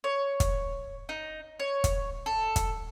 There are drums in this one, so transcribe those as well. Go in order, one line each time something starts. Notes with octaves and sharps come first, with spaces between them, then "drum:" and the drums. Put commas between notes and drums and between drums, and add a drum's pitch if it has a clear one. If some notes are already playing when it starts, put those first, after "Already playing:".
C#5
drum: kick, hi-hat
D#4
C#5
drum: kick, hi-hat
A4
drum: kick, hi-hat